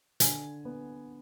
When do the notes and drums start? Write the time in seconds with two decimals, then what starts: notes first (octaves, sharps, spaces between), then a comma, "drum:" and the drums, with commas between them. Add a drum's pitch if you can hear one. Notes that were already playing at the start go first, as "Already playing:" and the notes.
0.20 D3 G#5, drum: hi-hat
0.65 B3